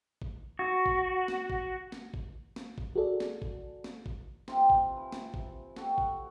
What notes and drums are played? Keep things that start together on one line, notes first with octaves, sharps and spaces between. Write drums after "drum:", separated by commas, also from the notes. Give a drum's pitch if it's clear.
drum: kick
F#4
drum: kick
drum: snare
drum: kick
drum: snare
drum: kick
drum: snare
drum: kick
F#4 G#4 A4 D5
drum: snare
drum: kick
drum: snare
drum: kick
C3 C4 F4, drum: snare
drum: kick
E3
drum: snare
drum: kick
F#4 G4 A4, drum: snare
drum: kick